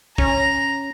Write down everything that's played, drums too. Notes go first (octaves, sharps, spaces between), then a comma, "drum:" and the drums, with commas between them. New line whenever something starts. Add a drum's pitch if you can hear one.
C#4 A#5, drum: kick